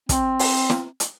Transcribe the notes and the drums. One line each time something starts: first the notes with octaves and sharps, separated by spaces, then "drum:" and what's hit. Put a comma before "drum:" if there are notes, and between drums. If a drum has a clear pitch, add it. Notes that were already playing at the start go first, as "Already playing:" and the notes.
C4, drum: kick, hi-hat
drum: open hi-hat
drum: snare
drum: hi-hat